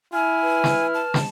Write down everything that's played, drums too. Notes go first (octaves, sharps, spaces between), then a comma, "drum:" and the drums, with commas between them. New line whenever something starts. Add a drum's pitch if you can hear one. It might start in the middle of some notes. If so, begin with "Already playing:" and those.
E4 G#5 F6
B4
drum: snare
A5
drum: snare